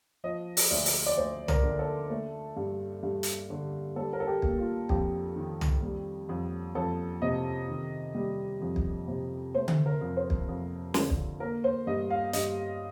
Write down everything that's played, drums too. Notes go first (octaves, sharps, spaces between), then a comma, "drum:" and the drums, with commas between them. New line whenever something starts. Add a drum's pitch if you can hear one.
F3 D#5
drum: open hi-hat
D2 D5
drum: open hi-hat
D5
D2 C5
A#4, drum: tom
D3
A4
A3
G2
G2
drum: hi-hat
D3
G3 A4
A#4
A4
G4
A#3, drum: kick
F4
F2 G4, drum: kick
D#3
drum: tom
G3
F2
F2 A4
C3 D#5
D#3
G3
F2
drum: kick
C3
A3 C5
drum: tom D3
A#4
F2
C5
drum: kick
F2
D3, drum: snare
drum: kick
A#3 A#4
C5
G2 D#5
F5
G2 D#5, drum: hi-hat